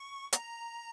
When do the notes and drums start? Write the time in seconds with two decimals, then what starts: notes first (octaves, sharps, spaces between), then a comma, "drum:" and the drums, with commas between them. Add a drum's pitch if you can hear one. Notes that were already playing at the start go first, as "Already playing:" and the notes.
Already playing: C#6
0.33 A#5, drum: hi-hat